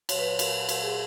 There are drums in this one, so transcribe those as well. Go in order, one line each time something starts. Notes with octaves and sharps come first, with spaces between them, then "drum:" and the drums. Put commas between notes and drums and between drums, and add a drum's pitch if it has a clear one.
A#2 F#3 C#5, drum: cymbal
B4
C#5
A#2 F#3 A#4, drum: cymbal
A#2 F#3 A#4, drum: cymbal
G#4